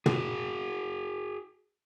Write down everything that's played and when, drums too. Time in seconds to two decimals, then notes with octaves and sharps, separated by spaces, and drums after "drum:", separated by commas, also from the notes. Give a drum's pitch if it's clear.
0.06 F#4 G#4, drum: tom